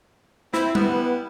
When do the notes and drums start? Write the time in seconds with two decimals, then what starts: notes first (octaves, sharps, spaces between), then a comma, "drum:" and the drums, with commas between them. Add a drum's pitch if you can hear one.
0.53 C4 E4, drum: snare
0.75 G3 B3 E4, drum: tom G3